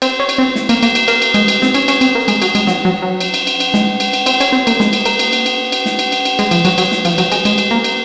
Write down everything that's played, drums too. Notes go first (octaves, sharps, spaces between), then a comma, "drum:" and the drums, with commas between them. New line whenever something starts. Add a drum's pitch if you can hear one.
C4, drum: cymbal
C#4
drum: cymbal
C4
drum: snare
A#3, drum: cymbal
A#3, drum: cymbal
drum: cymbal
A#3, drum: cymbal
drum: cymbal
G#3, drum: cymbal
drum: cymbal
C4, drum: snare
C#4, drum: cymbal
C#4, drum: cymbal
C4, drum: cymbal
A#3
G#3, drum: cymbal
F#3, drum: cymbal
G#3, drum: cymbal
F#3, drum: snare
F#3
F#3
drum: cymbal
drum: cymbal
drum: cymbal
drum: cymbal
G#3, drum: snare
drum: cymbal
drum: cymbal
C4, drum: cymbal
C#4, drum: cymbal
C4
A#3, drum: cymbal
G#3, drum: snare
drum: cymbal
A#3, drum: cymbal
drum: cymbal
drum: cymbal
drum: cymbal
drum: cymbal
drum: snare
drum: cymbal
drum: cymbal
drum: cymbal
G#3, drum: cymbal
F3, drum: cymbal
F#3, drum: cymbal
F#3, drum: cymbal
drum: snare
F3, drum: cymbal
F#3, drum: cymbal
G#3, drum: cymbal
G#3, drum: cymbal
drum: cymbal
A#3
drum: cymbal